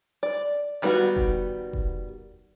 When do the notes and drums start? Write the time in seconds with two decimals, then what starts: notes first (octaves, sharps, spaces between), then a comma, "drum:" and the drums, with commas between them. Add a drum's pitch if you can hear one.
0.23 D5
0.82 D#3 G3 B3 D#4 F#4
1.16 drum: kick E1
1.73 drum: kick E1